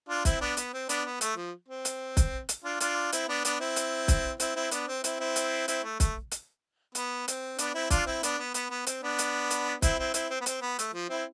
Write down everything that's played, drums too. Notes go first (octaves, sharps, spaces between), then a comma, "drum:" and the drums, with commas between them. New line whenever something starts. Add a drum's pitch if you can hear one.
D4 F4
C4 E4, drum: kick, hi-hat
B3 D4
B3, drum: hi-hat
C4
B3 D4, drum: hi-hat
B3
A3, drum: hi-hat
F3
C4
drum: hi-hat
drum: kick, hi-hat
drum: hi-hat
D4 F4
D4 F4, drum: hi-hat
C4 E4, drum: hi-hat
B3 D4
B3 D4, drum: hi-hat
C4 E4
drum: hi-hat
drum: kick, hi-hat
C4 E4, drum: hi-hat
C4 E4
B3 D4, drum: hi-hat
C4
C4 E4, drum: hi-hat
C4 E4
drum: hi-hat
C4 E4, drum: hi-hat
A3
A3, drum: kick, hi-hat
drum: hi-hat
B3, drum: hi-hat
C4, drum: hi-hat
B3 D4, drum: hi-hat
C4 E4
D4 F4, drum: kick, hi-hat
C4 E4
B3 D4, drum: hi-hat
B3
B3, drum: hi-hat
B3
C4, drum: hi-hat
B3 D4
drum: hi-hat
drum: hi-hat
C4 E4, drum: kick, hi-hat
C4 E4
C4 E4, drum: hi-hat
C4
B3
C4, drum: hi-hat
B3
A3, drum: hi-hat
F3
C4 E4